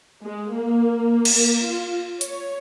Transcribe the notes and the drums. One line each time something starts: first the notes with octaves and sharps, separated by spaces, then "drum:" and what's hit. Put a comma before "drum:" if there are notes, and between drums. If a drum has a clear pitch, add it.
G#3
A#3
drum: cymbal
A#3
F4
C#5, drum: hi-hat